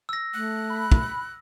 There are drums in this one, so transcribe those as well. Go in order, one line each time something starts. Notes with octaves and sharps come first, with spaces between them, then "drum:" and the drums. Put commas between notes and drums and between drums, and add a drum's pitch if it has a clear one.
E6 A#6
A3 F#6
B5
drum: kick